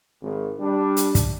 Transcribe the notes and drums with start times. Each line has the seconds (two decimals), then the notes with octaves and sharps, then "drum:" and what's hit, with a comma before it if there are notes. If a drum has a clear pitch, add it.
0.22 G#1
0.60 G3 D4
0.97 drum: hi-hat
1.15 drum: kick, hi-hat